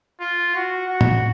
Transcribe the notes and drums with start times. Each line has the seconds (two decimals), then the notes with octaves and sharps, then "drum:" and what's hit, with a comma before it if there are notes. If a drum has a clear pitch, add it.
0.21 F4
0.55 F#4
0.89 F#4
1.01 drum: tom A2